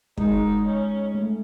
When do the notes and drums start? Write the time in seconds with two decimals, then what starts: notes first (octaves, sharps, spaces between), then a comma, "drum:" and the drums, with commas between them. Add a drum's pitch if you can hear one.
0.18 G#3 D#4, drum: kick
0.66 C#4
1.15 A3